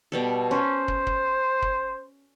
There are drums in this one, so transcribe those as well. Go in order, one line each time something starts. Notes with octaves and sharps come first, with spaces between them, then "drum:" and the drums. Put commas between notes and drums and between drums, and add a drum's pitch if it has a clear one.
B2 G3 A4
C#4 C5
drum: kick
drum: kick
drum: kick